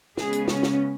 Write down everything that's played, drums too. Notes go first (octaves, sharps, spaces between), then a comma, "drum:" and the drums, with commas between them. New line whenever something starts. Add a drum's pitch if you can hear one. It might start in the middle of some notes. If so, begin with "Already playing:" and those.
C#3 G#3 B3 G#4, drum: snare
drum: hi-hat
C#4, drum: snare
drum: snare